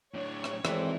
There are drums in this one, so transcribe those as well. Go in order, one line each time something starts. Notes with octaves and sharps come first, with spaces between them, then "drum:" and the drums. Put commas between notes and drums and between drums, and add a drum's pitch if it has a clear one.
A2 D4 C#5
drum: rim click
G#1 E3 A3 C4 D4 D#4, drum: rim click